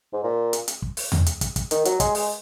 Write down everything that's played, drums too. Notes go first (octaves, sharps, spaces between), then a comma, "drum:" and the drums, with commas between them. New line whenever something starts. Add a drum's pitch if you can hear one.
G#2
A#2
drum: hi-hat
drum: hi-hat
drum: kick
drum: open hi-hat
drum: tom E2
drum: hi-hat
drum: kick, hi-hat
drum: kick, hi-hat
D#3, drum: hi-hat
F#3, drum: hi-hat
G#3, drum: kick, hi-hat
G#3, drum: open hi-hat